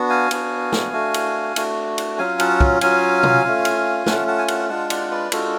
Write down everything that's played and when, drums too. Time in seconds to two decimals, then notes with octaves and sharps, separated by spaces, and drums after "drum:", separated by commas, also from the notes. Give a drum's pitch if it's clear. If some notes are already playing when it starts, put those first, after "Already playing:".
Already playing: B3 D4 F#4
0.10 F5 G#5
0.31 B3 D4 F#4, drum: cymbal
0.72 drum: snare
0.93 A3 D4 F#4
1.14 drum: cymbal
1.56 A3 D4 F#4, drum: cymbal
1.98 drum: cymbal
2.18 F#3 C#4 F4 F5 G#5
2.40 F#5 A5, drum: cymbal
2.61 drum: kick
2.81 F#3 C#4 F4 F5 G#5, drum: cymbal
3.23 drum: tom B2
3.44 A3 C#4 F4
3.65 drum: cymbal
4.06 A3 C#4 F4 F#5 A5, drum: snare
4.27 F#5 A5
4.39 G#5
4.48 F#5 A5, drum: cymbal
4.69 G#3 D4 F4 F#5 A5
4.90 D5 F#5, drum: cymbal
5.11 B4 D5
5.32 G#3 D4 F4 F#4 A4, drum: cymbal